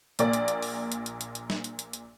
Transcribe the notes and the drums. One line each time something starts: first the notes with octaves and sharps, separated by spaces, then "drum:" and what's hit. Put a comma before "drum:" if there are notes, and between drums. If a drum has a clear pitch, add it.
A#1 A#2 A#3 D5, drum: hi-hat
drum: hi-hat
drum: hi-hat
drum: open hi-hat
drum: hi-hat
drum: hi-hat
drum: hi-hat
drum: hi-hat
drum: snare
drum: hi-hat
drum: hi-hat
drum: hi-hat